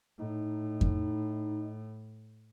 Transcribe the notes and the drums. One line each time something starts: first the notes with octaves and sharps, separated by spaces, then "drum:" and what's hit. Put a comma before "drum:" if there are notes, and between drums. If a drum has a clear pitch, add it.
A2 D#4
drum: kick F2